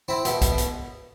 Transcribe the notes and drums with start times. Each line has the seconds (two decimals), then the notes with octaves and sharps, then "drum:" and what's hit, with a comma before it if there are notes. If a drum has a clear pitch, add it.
0.08 C4 E4
0.25 B2 E4, drum: hi-hat
0.42 B2, drum: kick B1, hi-hat
0.58 drum: hi-hat